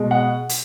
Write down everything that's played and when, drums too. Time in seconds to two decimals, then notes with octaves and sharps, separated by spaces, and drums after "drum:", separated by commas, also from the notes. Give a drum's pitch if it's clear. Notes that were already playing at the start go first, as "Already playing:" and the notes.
Already playing: B2 G#3
0.11 F#5
0.49 drum: hi-hat